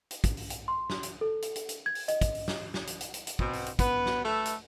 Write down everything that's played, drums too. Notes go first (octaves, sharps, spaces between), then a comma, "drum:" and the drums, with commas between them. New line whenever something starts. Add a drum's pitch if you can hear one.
drum: hi-hat
drum: kick, hi-hat
drum: open hi-hat
drum: hi-hat
C6
drum: snare
drum: hi-hat
A4
drum: hi-hat
drum: hi-hat
drum: hi-hat
G#6
drum: open hi-hat
D#5, drum: hi-hat
drum: kick, hi-hat
drum: open hi-hat
drum: snare
drum: snare
drum: hi-hat
drum: hi-hat
drum: hi-hat
drum: hi-hat
B2 C4, drum: kick
drum: open hi-hat
drum: hi-hat
B3 B4, drum: kick, hi-hat
drum: snare
A3 A4 B4 E5
drum: hi-hat